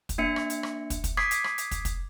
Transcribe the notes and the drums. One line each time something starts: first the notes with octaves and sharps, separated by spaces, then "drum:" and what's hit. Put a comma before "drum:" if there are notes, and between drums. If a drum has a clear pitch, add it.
drum: kick, hi-hat
A#3 D4 E5 C#7
drum: rim click
drum: hi-hat
drum: rim click
drum: kick, hi-hat
drum: kick, hi-hat
D6 D#6 G#6 B6 C7, drum: rim click
drum: hi-hat
drum: rim click
drum: hi-hat
drum: kick, hi-hat
drum: kick, hi-hat